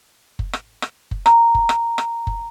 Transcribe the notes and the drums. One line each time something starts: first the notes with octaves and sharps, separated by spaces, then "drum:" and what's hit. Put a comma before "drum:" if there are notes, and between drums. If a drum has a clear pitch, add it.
drum: kick F#1
drum: rim click
drum: rim click
drum: kick F#1
A#5, drum: rim click
drum: kick F#1
drum: rim click
drum: rim click
drum: kick F#1